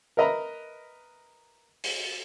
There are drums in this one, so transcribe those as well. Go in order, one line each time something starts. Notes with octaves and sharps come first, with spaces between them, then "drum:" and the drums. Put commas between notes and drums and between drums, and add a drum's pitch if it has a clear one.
A#4 B4 D#5 E5 A#5 B5
drum: open hi-hat